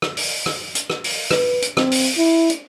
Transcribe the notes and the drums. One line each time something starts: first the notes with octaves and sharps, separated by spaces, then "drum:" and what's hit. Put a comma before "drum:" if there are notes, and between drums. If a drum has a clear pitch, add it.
drum: rim click
drum: open hi-hat
drum: rim click
drum: hi-hat
drum: rim click
drum: open hi-hat
B4, drum: rim click
drum: hi-hat
C4, drum: rim click
drum: open hi-hat
E4
drum: hi-hat